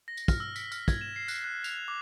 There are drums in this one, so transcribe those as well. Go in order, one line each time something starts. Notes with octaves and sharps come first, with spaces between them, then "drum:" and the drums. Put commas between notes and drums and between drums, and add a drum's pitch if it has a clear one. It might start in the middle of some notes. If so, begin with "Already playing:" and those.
A#6
drum: tambourine
F6, drum: kick, tambourine
E6
B6, drum: tambourine
F6, drum: tambourine
G#6, drum: kick, tambourine
E7
C7
F#6, drum: tambourine
F#6
F7, drum: tambourine
D6